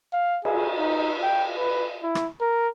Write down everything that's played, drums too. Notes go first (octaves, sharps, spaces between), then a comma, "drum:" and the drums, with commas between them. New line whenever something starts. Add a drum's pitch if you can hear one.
F5
G#4, drum: cymbal
D#4
G5
B4
E4
drum: rim click
A#4